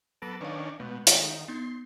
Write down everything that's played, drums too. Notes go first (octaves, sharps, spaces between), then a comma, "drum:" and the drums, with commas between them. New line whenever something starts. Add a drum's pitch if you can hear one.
F#3 B3 A4 A#6 D7
D#3 C#4 D4 B4 F5
B2 G#3 A3
D#3, drum: hi-hat
B3 D#4 C6